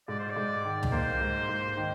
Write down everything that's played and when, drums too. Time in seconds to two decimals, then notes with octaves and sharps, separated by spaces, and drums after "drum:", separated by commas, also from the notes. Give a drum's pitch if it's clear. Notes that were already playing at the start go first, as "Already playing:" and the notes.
0.08 G#2 D5
0.19 C5
0.30 D5
0.36 G#2
0.65 D#3
0.83 drum: tom C#2
0.92 A#3 C5
1.21 G#2
1.49 G#2
1.77 D#3